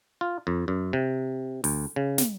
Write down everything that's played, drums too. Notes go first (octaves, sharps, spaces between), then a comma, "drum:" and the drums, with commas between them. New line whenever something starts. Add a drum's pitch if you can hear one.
F4
F2
F#2
C3
D2, drum: open hi-hat
C#3
drum: snare